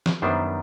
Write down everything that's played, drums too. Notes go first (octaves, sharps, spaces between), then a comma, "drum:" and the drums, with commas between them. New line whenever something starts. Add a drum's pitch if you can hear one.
drum: snare
F#2 D#3 G3 B3 D4 C5